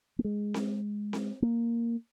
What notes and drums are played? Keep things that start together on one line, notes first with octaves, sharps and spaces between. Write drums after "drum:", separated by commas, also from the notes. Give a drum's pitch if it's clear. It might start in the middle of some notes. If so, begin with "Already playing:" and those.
A#3
G#3
drum: snare C4
drum: snare C4
A#3